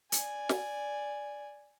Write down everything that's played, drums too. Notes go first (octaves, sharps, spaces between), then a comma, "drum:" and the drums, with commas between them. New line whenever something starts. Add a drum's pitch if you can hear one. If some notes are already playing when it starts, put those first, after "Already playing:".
D5 G#5, drum: hi-hat
drum: snare